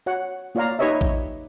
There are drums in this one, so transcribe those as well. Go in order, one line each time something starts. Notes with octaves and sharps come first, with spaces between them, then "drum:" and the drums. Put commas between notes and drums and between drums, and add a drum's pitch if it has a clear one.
F#4 C#5 F#5
A#3 F4 C#5 D5 F5 A#5
D#4 G4 B4 C#5 D#5 E5
drum: kick A1